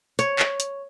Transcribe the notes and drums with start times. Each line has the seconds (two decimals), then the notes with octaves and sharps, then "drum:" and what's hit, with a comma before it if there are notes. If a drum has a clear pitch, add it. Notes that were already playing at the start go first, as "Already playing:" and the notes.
0.19 C#5, drum: hi-hat
0.39 drum: clap
0.60 drum: hi-hat